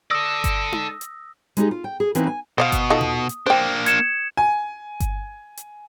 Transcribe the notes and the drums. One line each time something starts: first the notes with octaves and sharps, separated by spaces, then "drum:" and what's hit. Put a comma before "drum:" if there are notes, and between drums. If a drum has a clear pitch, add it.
A4 D5 D#6 E6 A#6
drum: kick G1, hi-hat
drum: tom D#4
drum: hi-hat
G#3 D#4 G4 G#4, drum: hi-hat
F4
G5
G#4
E3 A#3 C4 D#4 E4 B4, drum: hi-hat
G#5
B2 C5 D#5 F5 D#6
drum: kick G1, hi-hat
D#4 F4 A4
drum: tom A#2
drum: hi-hat
A#3 D4 C5 G5
G#6 C#7 E7, drum: hi-hat
G#5
drum: kick G1, hi-hat
drum: hi-hat